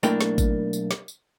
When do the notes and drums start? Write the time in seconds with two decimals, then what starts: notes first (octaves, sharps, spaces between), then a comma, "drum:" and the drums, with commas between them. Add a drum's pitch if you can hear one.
0.03 B1 A3 A#3 D4 E4 G5, drum: tambourine
0.21 drum: snare
0.38 drum: kick G#1, tambourine
0.73 drum: tambourine
0.91 drum: snare
1.08 drum: tambourine